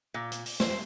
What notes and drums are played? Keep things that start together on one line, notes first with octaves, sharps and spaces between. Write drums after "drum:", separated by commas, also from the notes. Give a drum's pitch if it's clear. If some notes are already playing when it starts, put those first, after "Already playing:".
A#2
drum: hi-hat
drum: open hi-hat
C5, drum: snare